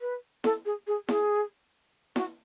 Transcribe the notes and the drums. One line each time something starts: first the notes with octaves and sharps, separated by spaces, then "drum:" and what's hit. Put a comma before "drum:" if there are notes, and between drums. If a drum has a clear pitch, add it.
B4
A4, drum: snare E4
G#4
G#4
G#4, drum: snare E4
F#4, drum: snare E4